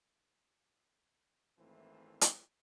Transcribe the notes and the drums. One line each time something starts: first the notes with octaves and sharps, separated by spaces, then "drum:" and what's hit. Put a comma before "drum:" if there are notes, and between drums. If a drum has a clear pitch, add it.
G#1 E3 A3 A#3 C4 E4
drum: hi-hat